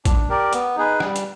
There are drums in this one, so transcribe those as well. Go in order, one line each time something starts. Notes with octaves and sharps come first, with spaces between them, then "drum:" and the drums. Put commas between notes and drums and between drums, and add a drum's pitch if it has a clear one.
D4, drum: kick A#1, hi-hat
G4 A#4 D5
B3, drum: hi-hat
D#4 G#4 B4
G3, drum: rim click
drum: hi-hat